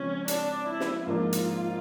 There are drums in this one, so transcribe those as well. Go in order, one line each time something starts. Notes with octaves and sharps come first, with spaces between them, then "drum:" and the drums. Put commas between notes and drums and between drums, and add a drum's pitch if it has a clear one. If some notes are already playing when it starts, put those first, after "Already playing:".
Already playing: C#3 F3 G#3 C4 C#4
D4, drum: hi-hat
E4
drum: snare
G#2 F3 A#3 D4 F4
drum: hi-hat